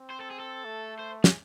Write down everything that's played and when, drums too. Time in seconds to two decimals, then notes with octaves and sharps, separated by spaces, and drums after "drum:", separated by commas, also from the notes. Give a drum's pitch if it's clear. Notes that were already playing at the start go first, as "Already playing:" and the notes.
Already playing: C4
0.10 C5
0.20 A4
0.30 G#4
0.40 A4
0.64 A3
0.99 C5
1.24 G#4, drum: snare